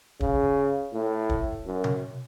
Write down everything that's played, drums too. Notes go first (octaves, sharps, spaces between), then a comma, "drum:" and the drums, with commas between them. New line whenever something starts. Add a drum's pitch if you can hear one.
C#3, drum: kick
A2
drum: kick
F#2
drum: tom C3